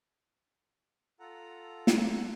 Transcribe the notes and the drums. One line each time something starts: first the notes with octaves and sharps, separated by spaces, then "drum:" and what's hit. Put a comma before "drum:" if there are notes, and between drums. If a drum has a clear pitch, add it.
F4 A4 F#5 A#5
drum: snare